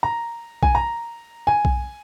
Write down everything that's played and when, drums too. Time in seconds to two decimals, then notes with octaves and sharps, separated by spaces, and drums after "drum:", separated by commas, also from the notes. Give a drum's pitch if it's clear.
0.03 A#5
0.63 G#5, drum: kick B1
0.75 A#5
1.47 G#5
1.65 drum: kick B1